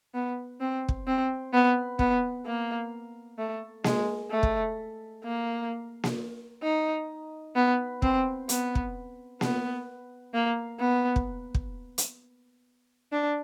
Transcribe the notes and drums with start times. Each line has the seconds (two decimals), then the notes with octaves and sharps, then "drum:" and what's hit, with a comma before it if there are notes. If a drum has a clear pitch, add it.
0.14 B3
0.60 C4
0.89 drum: kick
1.07 C4
1.53 B3
1.99 B3, drum: kick
2.46 A#3
3.38 A3
3.84 G#3, drum: snare A#3
4.31 A3
4.43 drum: kick
5.23 A#3
6.04 drum: snare A#3
6.63 D#4
7.56 B3
8.02 C4, drum: kick
8.49 B3, drum: hi-hat
8.75 drum: kick
9.41 B3, drum: snare A#3
10.34 A#3
10.80 B3
11.16 drum: kick
11.55 drum: kick
11.98 drum: hi-hat
13.12 D4